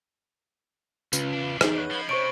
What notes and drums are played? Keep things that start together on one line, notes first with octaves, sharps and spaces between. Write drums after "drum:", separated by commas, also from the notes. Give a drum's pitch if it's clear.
C#2 C#3 C#4 F4 B4, drum: tambourine
E2 D4
D#4 G#4 D#5, drum: rim click
B4 C#5 F#5
F3 B5 G#6 A6
C3 C5 C#5 C#6 D7